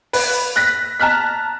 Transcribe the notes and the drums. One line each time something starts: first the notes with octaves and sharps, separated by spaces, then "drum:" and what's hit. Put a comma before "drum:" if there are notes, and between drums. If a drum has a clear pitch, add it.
B4, drum: open hi-hat
F#6 A#6 B6
A5 A#5 F6 F#6 B6